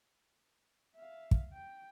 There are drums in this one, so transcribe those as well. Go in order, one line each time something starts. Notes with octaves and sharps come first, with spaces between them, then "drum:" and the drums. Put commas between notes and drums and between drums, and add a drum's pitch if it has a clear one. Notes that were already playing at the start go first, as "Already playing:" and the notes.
E5 F5
drum: kick
G5